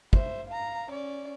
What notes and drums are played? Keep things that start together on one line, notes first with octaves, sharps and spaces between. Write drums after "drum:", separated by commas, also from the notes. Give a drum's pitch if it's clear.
C5 E5, drum: kick
F5 A#5
C#4 D5